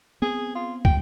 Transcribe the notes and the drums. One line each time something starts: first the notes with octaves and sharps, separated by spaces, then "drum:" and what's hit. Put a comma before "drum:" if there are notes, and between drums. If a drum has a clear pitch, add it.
B3 C4 G#4
F4
C#2 F3 G3 G5, drum: kick